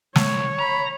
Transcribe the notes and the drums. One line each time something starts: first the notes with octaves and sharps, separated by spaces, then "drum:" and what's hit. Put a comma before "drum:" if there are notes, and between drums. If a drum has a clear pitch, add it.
C2 C#5, drum: snare
A#5 B5